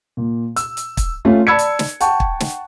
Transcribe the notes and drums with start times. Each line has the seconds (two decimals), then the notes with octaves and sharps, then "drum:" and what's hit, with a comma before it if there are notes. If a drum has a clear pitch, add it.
0.17 A#2
0.56 E6, drum: hi-hat
0.77 drum: hi-hat
0.97 drum: kick, hi-hat
1.25 A3 C#4 F4
1.47 D5 A5 B5 E6 G#6 C#7
1.59 drum: hi-hat
1.79 drum: snare
2.00 F#5 G5 A5 C#6, drum: hi-hat
2.20 drum: kick
2.40 drum: snare